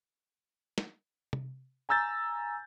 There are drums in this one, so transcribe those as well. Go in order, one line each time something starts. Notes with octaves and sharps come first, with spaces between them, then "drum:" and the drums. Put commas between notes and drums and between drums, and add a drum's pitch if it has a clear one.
drum: snare
drum: tom C3
G#5 A#5 E6 G6 A6